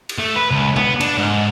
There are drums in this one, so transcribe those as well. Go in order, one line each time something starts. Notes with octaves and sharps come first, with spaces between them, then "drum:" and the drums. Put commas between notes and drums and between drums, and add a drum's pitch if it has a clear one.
drum: cymbal
A3
B4
C#2
B3, drum: tom C3
D4, drum: cymbal
G#2